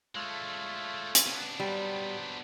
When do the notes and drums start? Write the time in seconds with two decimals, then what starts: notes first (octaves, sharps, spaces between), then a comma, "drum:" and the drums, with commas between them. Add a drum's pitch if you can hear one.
0.15 G#3 A3 F4 A4 C#5
1.15 drum: hi-hat
1.26 B3 D4
1.60 F#3 G3 C5 B5